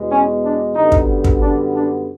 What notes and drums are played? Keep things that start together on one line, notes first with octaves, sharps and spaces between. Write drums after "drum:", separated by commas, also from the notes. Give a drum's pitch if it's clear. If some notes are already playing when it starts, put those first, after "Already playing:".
Already playing: E2 B2 G#3
C#4
D4
F#2 D3 G3 B3 D#4
drum: kick
drum: kick
D4
D4